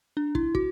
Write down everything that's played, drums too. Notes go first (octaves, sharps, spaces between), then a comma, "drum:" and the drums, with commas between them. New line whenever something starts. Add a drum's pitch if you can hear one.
D4
E4, drum: kick
F#4, drum: kick